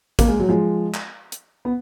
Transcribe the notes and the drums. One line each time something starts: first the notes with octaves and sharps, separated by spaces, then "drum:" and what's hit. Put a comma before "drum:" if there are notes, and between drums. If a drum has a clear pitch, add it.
A#3, drum: kick, hi-hat
G#3
F#3
F3 G#3
drum: clap
drum: hi-hat
B3